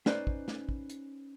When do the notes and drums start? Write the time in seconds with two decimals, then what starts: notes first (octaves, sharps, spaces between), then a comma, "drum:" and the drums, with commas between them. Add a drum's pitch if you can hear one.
0.06 C#4 D#4 B4 C5 D5, drum: snare
0.27 drum: kick
0.48 drum: snare
0.69 drum: kick
0.90 drum: hi-hat